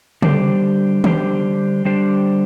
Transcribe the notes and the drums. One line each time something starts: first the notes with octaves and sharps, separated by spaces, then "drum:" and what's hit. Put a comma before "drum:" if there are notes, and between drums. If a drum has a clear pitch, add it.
D3 G3 D4 G4 C5, drum: tom C#3
D3 G3 D4 G4 C5, drum: tom D#3
D3 G3 D4 G4 C5